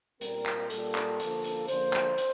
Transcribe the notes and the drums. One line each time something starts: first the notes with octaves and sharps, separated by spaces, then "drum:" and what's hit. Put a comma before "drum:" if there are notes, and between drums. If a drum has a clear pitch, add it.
A#2 G3 C4 A#4, drum: hi-hat
drum: clap
A#2 G3 A#3 A4, drum: hi-hat
drum: clap
D3 F3 A#3, drum: hi-hat
drum: hi-hat
D3 F3 A#3 C5, drum: hi-hat
drum: clap
drum: hi-hat